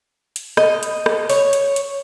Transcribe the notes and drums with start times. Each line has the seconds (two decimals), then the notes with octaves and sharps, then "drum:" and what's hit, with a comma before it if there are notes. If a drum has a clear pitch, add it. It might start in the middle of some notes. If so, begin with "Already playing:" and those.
0.36 drum: hi-hat
0.57 D#5, drum: rim click
0.83 drum: hi-hat
1.06 drum: rim click
1.29 C#5, drum: open hi-hat
1.53 drum: hi-hat
1.76 drum: hi-hat